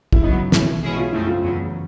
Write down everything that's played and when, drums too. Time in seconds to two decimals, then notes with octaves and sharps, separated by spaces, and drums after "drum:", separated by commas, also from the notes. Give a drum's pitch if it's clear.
0.13 E4, drum: kick
0.23 C#3 F#3 B3 D#4
0.52 B1 A2 E3 E4, drum: snare
0.83 B2 G#3 C#4 E4 G#4
0.97 F4
1.12 F#2 C#3 F3 A3 C4 E4
1.27 F4
1.42 E2 C#3 F#3